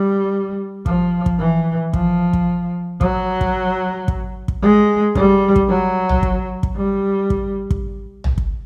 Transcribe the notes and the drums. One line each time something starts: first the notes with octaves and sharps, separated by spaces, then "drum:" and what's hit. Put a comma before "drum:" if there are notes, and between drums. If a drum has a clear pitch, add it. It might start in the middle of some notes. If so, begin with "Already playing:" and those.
Already playing: G3
F3, drum: kick
drum: kick
E3
F3, drum: kick
drum: kick
F#3, drum: kick
drum: kick
drum: kick
drum: kick
G#3
G3, drum: kick
drum: kick
F#3
drum: tom
drum: kick
drum: kick
G3
drum: kick
drum: kick
drum: tom
drum: kick